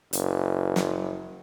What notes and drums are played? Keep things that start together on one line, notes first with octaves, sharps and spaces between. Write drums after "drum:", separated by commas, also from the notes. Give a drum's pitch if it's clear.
F#1, drum: hi-hat
drum: snare